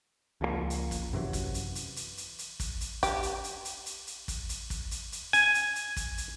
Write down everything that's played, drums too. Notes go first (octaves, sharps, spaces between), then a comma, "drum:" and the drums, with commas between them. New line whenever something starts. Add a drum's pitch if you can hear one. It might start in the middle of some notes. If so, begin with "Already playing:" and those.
C#2 F3 F#3 A#3
drum: hi-hat
drum: kick, hi-hat
F#2 C3 E3 F#3
drum: kick, hi-hat
drum: hi-hat
drum: hi-hat
drum: hi-hat
drum: hi-hat
drum: hi-hat
drum: kick, hi-hat
drum: hi-hat
G4, drum: kick, hi-hat
drum: hi-hat
drum: hi-hat
drum: hi-hat
drum: hi-hat
drum: hi-hat
drum: kick, hi-hat
drum: hi-hat
drum: kick, hi-hat
drum: hi-hat
drum: hi-hat
G#5, drum: hi-hat
drum: hi-hat
drum: hi-hat
drum: kick, hi-hat
drum: hi-hat